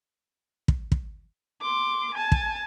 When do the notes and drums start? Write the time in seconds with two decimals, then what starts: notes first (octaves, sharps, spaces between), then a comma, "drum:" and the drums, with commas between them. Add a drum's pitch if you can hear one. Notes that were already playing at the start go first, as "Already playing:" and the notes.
0.68 drum: kick
0.92 drum: kick
1.62 C6 D6
2.15 G#5 A5
2.32 drum: kick